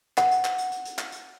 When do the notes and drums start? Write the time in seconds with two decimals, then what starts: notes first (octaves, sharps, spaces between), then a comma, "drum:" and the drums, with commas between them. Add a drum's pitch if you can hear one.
0.18 F#5, drum: clap
0.31 drum: hi-hat
0.45 drum: clap
0.58 drum: hi-hat
0.72 drum: hi-hat
0.85 drum: hi-hat
0.99 drum: clap
1.12 drum: hi-hat